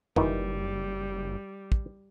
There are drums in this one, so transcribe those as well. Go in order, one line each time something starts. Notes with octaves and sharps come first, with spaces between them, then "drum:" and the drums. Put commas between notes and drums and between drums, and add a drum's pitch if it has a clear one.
F#1 A#2 D#3 E3 G3, drum: tom F2
drum: kick